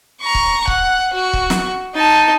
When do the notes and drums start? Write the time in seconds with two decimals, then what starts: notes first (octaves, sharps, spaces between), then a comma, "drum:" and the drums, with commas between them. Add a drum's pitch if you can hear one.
0.21 A#5 C#6
0.35 drum: kick C#1
0.68 F#5, drum: kick C#1
1.14 F#4 C#6
1.33 drum: kick C#1
1.50 drum: snare
1.95 D#4 A5